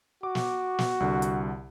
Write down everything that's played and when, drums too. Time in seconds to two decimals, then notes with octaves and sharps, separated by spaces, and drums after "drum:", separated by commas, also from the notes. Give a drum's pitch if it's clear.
0.23 F#4 D6
0.35 drum: snare
0.79 drum: snare
1.00 C2 D3
1.22 drum: hi-hat